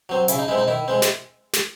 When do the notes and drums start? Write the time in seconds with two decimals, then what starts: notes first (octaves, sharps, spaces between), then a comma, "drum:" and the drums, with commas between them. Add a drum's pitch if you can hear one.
0.09 F#3 C4
0.28 C#3 E4, drum: hi-hat
0.39 D#4
0.48 G#3 C4 E4
0.58 D#4
0.68 D#3 E4
0.88 G#3 C4
1.02 drum: snare
1.53 drum: snare